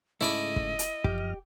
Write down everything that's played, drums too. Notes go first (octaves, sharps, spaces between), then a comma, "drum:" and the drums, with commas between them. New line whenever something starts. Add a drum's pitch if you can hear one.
G#2 C#3 A3 E4 D5 D#5 B5
drum: kick
drum: hi-hat
F#2 F3 G4 F6, drum: kick